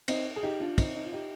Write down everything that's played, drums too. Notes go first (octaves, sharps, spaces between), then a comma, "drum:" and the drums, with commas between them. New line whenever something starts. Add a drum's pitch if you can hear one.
C4 D#4, drum: cymbal
G#4
D#4 G4
D4 F4
C4 D#4, drum: kick, cymbal
D#4
F4
D#4 G4